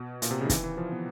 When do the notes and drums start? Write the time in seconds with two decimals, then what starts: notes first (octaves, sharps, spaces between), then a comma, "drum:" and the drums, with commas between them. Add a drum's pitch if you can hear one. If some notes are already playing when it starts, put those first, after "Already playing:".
Already playing: B2
0.22 A#2, drum: hi-hat
0.31 C3
0.41 C#3
0.45 D#3
0.50 E3, drum: kick, hi-hat
0.64 E3
0.77 F3
0.92 B3